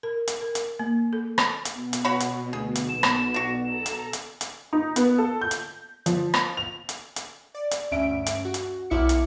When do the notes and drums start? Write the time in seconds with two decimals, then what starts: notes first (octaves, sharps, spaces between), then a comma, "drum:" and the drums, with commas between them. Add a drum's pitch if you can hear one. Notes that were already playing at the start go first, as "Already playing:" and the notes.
0.03 A#4
0.28 drum: hi-hat
0.41 A#4
0.55 drum: hi-hat
0.79 A#3
1.13 A4
1.38 drum: rim click
1.65 drum: hi-hat
1.75 B2 B3
1.93 drum: hi-hat
2.05 F#4 C#5 B5
2.20 drum: hi-hat
2.53 D2 G#4
2.75 drum: hi-hat
2.89 B1 E7
3.03 drum: rim click
3.34 D4 F#4
3.65 A4 A#5 E7
3.86 drum: hi-hat
4.13 drum: hi-hat
4.41 drum: hi-hat
4.73 D#4
4.96 B3, drum: hi-hat
5.18 A4
5.41 G6
5.51 drum: hi-hat
6.06 F3, drum: hi-hat
6.34 drum: rim click
6.57 F7
6.89 drum: hi-hat
7.16 drum: hi-hat
7.55 D5
7.71 drum: hi-hat
7.91 D2 G2 C#4 E5 D7
8.26 drum: hi-hat
8.45 F#4
8.54 drum: hi-hat
8.90 B1 E4 E5 D6 F6 C#7
9.09 drum: hi-hat